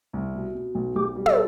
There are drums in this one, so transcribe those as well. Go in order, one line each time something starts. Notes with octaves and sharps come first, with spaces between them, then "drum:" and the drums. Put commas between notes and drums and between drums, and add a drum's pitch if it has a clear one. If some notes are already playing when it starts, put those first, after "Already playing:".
C2
B2
B2
B1
B1 G4
G3
A4, drum: tom